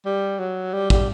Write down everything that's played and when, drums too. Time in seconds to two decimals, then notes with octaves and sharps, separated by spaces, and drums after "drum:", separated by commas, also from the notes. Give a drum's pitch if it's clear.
0.06 G3
0.39 F#3
0.73 G3
0.90 G3, drum: kick